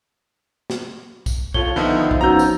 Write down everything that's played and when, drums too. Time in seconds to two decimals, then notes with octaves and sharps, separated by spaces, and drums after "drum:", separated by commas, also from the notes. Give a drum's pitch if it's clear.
0.70 drum: snare
1.26 drum: kick B1, tambourine
1.54 F4 A4 C#5 G7, drum: kick B1
1.76 D3 D#3 F3 B3 D#4 E4
2.11 drum: kick B1
2.21 B3 C#4 D#4 F#4 A#5 E6 G6
2.39 drum: tambourine